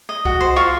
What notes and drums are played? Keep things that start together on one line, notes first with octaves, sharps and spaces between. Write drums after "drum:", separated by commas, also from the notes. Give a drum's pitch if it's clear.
D#5
F#4, drum: kick C2
C5
F4 C#6